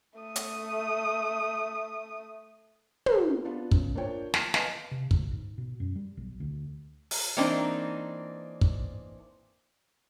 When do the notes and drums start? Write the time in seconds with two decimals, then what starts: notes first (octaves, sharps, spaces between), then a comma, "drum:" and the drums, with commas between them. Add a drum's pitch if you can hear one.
0.19 A3 D#6
0.36 drum: hi-hat
3.06 drum: tom
3.45 B3 D4 F4 B4
3.71 C#3, drum: kick
3.95 A#3 D4 F4 C5 C#5 G5
4.34 A5 F6, drum: snare
4.54 B4 D#5 F5 G#5 A5, drum: snare
4.91 C3
5.11 D2, drum: kick
5.31 G#2
5.58 B2
5.80 F#2
5.96 G3
6.17 B1
6.40 D2
7.11 drum: open hi-hat
7.37 E3 A#3 C4 D4 D#4
8.61 drum: kick